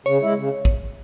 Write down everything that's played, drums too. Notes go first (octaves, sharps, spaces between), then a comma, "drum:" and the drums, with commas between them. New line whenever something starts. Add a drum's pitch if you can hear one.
C#3 C#5
G#3 E4
C#3
drum: kick